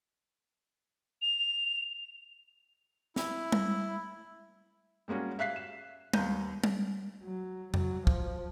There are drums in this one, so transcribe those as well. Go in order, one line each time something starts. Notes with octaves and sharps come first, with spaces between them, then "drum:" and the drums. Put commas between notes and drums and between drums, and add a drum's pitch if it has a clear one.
F7
E4, drum: snare
drum: tom G3
G3 G#3 A#3 C#4 F#4
E5 F5 F#6 B6 C7
E7
D#2 B3 A#5 G6 D#7, drum: tom G3
drum: tom G3
F#3
F#3, drum: tom F2
F3, drum: kick